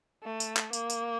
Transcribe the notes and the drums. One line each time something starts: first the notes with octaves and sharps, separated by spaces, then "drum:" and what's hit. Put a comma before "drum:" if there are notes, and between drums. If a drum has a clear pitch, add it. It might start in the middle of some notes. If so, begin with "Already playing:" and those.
A3
drum: tambourine
drum: clap
A#3, drum: tambourine
drum: tambourine